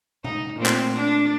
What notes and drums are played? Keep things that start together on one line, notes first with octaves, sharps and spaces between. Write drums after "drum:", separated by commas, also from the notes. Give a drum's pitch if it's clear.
D#4, drum: tom B2
A#2 A3 C4
drum: clap
D4